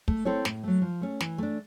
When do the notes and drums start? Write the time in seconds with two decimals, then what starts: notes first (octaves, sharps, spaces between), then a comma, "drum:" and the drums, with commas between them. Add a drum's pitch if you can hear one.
0.08 A3, drum: kick
0.25 C4 E4 A4 C#5
0.45 A2, drum: snare
0.63 F#3 A3
0.82 F3
1.01 A3 C#4
1.20 E3, drum: snare
1.38 A3 D4